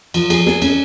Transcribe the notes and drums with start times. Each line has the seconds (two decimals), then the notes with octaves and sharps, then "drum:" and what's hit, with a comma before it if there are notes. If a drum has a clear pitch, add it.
0.14 F3, drum: cymbal
0.30 G#4, drum: cymbal
0.46 G#4, drum: snare
0.62 C#4, drum: cymbal